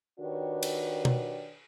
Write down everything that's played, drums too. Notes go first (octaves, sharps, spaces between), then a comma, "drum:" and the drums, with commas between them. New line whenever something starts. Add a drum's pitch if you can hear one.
D#3 D4 F#4 G4 B4 C#5
drum: cymbal
drum: tom B2